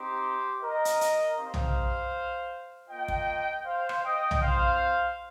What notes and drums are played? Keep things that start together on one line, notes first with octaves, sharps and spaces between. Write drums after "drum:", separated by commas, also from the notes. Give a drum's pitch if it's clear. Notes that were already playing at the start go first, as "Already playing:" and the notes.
Already playing: C4 D#4 G4 C5
A#4 D#5
drum: hi-hat
drum: hi-hat
C4 D#4 G4 C5 F5
drum: tom B1
A#3 F4 D#5 G5
drum: kick
C5 F5
drum: rim click
D#5 G5
drum: tom B1
C4 F4 C5 F5